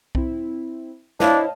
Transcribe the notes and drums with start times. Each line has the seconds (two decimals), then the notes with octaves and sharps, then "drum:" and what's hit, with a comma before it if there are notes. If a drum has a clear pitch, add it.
0.15 C4 E4, drum: kick B1
1.20 D4 E4 C5 C#5 D#5 F5 A5, drum: snare